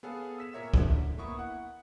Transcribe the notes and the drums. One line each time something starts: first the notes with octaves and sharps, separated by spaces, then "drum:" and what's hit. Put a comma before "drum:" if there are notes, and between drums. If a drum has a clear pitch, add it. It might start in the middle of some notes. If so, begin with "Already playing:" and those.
B3 G#4 A4 C#5 F5
E6 B6 E7
A#2 A#4 C#5 E5 E6 E7
D3, drum: kick
A#3 B3 E4 C#6 D#6
F#5